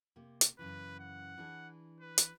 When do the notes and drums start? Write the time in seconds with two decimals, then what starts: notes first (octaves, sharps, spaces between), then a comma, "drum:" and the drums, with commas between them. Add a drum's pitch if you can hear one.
0.16 C3 A#3
0.41 drum: hi-hat
0.59 F#2 C#3 E3 B4
0.99 F#5
1.38 E3 D4 G#4
2.00 B4
2.18 drum: hi-hat